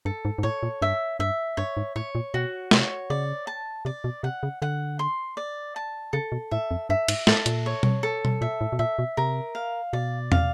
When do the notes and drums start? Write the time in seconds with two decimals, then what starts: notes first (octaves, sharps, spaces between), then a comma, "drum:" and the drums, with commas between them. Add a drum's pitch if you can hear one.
0.05 G2 A4
0.25 G#2
0.38 G#2
0.43 A2 C#5
0.63 A#2
0.82 G2 E5
1.20 G2 E5
1.57 G2 C#5
1.77 G#2
1.96 A2 C#5
2.15 A#2
2.34 B2 F#4
2.71 C3 C#5, drum: snare
3.10 C#3 D5
3.47 A5
3.85 C3 D5
4.04 B2
4.23 C3 F#5
4.43 C#3
4.62 D3 F#5
4.99 C6
5.37 D5
5.76 A5
6.13 C#3 A4
6.32 B2
6.51 A2 E5
6.71 F2
6.89 G2 E5
7.08 G#2, drum: cymbal
7.27 A2 A4, drum: snare
7.46 A#2, drum: hi-hat
7.66 C#5
7.83 drum: tom B2
8.03 A4
8.25 drum: tom B2
8.41 A#2 E5
8.61 A2
8.72 B2
8.79 A#2 E5
8.99 B2
9.17 C3 A#4
9.55 F5
9.93 B2 D5
10.32 F5, drum: tom